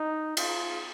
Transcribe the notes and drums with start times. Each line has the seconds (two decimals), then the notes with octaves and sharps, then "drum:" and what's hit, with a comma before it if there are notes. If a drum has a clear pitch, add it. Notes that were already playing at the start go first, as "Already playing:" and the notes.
Already playing: D#4
0.37 F4, drum: cymbal